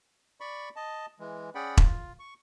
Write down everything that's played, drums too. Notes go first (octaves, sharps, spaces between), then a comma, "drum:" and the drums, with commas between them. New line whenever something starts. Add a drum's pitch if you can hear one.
D5 B5 C#6
D#5 A5
E3 G#3
C#4 G#4 D5 F#5 G5 B5
F4, drum: kick E1
C#6